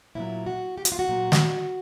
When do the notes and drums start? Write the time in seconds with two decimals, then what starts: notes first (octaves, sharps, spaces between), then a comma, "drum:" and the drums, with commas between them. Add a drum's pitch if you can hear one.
0.15 A#2 F#3 E4
0.46 F#4
0.78 G4
0.85 F#4, drum: hi-hat
0.92 F4
0.99 F#4
1.09 A#2 F#3
1.32 drum: snare